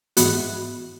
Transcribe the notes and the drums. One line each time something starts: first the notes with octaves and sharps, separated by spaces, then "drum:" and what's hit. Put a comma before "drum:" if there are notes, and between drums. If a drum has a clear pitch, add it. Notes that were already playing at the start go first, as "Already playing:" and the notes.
G#2 E3 B3 F#4, drum: hi-hat